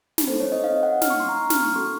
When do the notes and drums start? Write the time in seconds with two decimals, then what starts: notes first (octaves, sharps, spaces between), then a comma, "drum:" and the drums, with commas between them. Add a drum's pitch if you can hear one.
0.18 drum: snare
0.27 C4 D#4 A4 C5
0.40 C#5
0.52 D#5
0.64 F5
0.83 F#5
1.02 F6, drum: snare
1.10 C#6
1.20 C6
1.29 A#5
1.37 C#6
1.50 F6, drum: snare
1.63 C#6
1.75 A#3 C#4 F#4 A4 C6